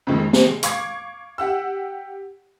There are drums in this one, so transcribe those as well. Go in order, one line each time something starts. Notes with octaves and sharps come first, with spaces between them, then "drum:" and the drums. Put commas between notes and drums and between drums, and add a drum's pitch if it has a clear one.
F2 A#2 D#3 G#3
G#3
drum: snare
F5 C#6 D6 G#6 C7, drum: hi-hat
G4 F#5 E6